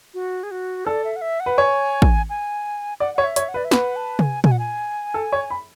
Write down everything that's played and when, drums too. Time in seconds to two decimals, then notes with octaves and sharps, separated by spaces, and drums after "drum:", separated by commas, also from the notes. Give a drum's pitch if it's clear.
0.14 F#4
0.43 G#4
0.51 F#4
0.86 A4 D5
1.05 E5
1.16 F#5
1.22 E5
1.40 F#5
1.46 B4
1.58 C#5 G#5
2.02 drum: kick
2.29 G#5
3.00 D5 F#5
3.14 C#5 F#5
3.24 E5
3.36 C#5, drum: hi-hat
3.49 F#5
3.54 B4 D5
3.65 E5
3.71 B4 F#5, drum: snare
3.96 A5
4.19 G#5, drum: tom C3
4.44 G#5, drum: tom A#2
4.51 F#5
4.59 G#5
5.14 A4
5.32 C#5
5.50 B5